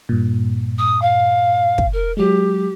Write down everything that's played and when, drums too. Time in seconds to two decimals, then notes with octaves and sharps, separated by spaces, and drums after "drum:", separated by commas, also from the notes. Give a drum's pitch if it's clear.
0.09 G2 A#2
0.78 D#6
1.01 F5
1.78 drum: kick
1.92 A#4
2.17 F#3 G#3 G4